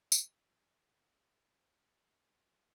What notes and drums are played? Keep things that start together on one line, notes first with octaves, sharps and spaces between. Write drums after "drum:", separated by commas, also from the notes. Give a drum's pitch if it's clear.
F4 A#4 E5, drum: tambourine